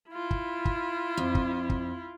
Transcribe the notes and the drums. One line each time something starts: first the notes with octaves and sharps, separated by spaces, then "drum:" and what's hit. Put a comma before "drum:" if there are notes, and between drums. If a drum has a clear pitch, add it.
E4 F4
drum: kick
drum: kick
F2
drum: kick
drum: kick